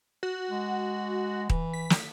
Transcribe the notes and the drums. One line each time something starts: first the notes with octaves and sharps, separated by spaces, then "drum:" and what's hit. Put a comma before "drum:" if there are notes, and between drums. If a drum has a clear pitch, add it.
F#4
G#3
E3, drum: kick D#1
B6
drum: snare